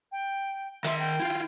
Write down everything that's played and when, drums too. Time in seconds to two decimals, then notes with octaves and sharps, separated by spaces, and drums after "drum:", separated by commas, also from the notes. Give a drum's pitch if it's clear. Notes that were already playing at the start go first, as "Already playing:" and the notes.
0.12 G5
0.84 D#3 E5 C6, drum: hi-hat
1.00 G5
1.20 E4 F4